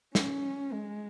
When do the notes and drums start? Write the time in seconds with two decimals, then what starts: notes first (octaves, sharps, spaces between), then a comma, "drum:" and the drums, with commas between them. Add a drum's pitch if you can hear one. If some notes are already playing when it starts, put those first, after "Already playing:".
0.15 C#4, drum: snare
0.73 G#3